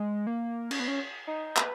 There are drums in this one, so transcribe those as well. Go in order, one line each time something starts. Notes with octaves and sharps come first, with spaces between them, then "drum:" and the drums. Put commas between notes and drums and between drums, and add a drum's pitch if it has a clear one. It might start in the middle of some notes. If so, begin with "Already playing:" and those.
Already playing: G#3
A#3
C#4, drum: cymbal
B3
C#4
D#4
B4, drum: clap